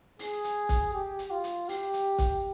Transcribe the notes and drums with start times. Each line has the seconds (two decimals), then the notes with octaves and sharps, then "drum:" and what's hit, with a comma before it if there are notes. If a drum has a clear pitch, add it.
0.19 G#4, drum: open hi-hat
0.44 drum: hi-hat
0.69 drum: kick, hi-hat
0.94 G4
1.19 drum: hi-hat
1.31 F4
1.44 drum: hi-hat
1.69 G4, drum: open hi-hat
1.94 drum: hi-hat
2.18 drum: kick, hi-hat